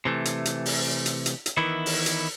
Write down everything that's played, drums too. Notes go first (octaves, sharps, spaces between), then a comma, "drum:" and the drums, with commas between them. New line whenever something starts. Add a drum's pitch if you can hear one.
C3 E3 A3
drum: hi-hat
drum: hi-hat
drum: open hi-hat
drum: hi-hat
drum: hi-hat
drum: hi-hat
D#3 E3 B3 E4
drum: open hi-hat
drum: hi-hat